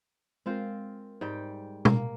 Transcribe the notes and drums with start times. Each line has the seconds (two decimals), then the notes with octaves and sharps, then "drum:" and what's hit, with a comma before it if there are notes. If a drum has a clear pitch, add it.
0.46 G#3 C4 F4 A#4 C5
1.21 G#2 G3 G5
1.85 A#3, drum: tom B2